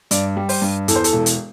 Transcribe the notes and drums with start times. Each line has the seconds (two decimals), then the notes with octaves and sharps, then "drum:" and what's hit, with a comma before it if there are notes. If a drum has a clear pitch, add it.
0.11 G2 D5, drum: hi-hat
0.36 G3
0.49 C5, drum: open hi-hat
0.62 G2
0.88 E2 A4, drum: hi-hat
0.96 C5
1.04 A4, drum: hi-hat
1.13 E1
1.26 drum: hi-hat